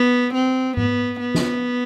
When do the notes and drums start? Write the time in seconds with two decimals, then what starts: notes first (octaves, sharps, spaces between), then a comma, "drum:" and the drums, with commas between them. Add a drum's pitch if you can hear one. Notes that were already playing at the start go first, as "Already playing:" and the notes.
Already playing: B3
0.34 C4
0.77 B3, drum: tom G#2
1.20 B3
1.34 drum: snare